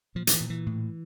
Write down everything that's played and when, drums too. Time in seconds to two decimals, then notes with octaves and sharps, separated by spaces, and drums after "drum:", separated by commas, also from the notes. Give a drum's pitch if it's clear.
0.15 A#2 F3
0.27 F3, drum: hi-hat
0.33 E3
0.41 A#2
0.50 E3
0.66 A2